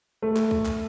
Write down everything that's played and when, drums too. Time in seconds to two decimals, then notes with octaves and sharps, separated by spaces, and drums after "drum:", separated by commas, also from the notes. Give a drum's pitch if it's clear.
0.22 A3
0.37 drum: clap
0.51 drum: kick C2
0.66 drum: clap